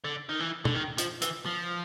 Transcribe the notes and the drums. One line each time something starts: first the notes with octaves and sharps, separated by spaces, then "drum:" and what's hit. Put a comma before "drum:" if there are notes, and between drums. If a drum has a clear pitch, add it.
D3
D#3
E3
D3, drum: tom
D#3
F3, drum: hi-hat
E3, drum: hi-hat
F3